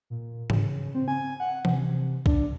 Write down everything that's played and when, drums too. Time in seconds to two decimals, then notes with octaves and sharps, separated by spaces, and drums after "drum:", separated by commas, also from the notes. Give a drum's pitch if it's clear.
0.10 A#2
0.50 C#3, drum: tom G#2
0.95 C4
1.08 G#5
1.40 F#5
1.65 C3, drum: tom E3
2.26 D4, drum: kick B1